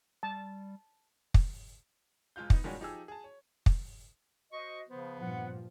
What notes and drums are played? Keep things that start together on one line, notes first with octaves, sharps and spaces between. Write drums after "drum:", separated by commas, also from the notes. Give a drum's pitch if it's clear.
G3 A5
drum: kick
E1 G#3 F4 F5 G6
B3 D#4, drum: kick
A#2 D#3 G3 G#3 C#4 F#4
F3 D#4 G4 G#4 E6
G#4 A5
C#5
drum: kick
F#4 C5 D#5 C#6
C#3 F3 B3 C5
G2 A#2 F3 F#5